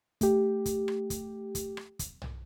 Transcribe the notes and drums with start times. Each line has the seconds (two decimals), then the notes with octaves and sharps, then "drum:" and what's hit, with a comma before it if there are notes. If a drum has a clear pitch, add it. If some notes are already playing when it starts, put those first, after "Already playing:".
0.21 A3 G4, drum: kick, hi-hat
0.66 drum: kick, hi-hat
0.88 drum: rim click
1.10 drum: kick, hi-hat
1.55 drum: kick, hi-hat
1.77 drum: rim click
1.99 drum: kick, hi-hat
2.22 drum: tom B1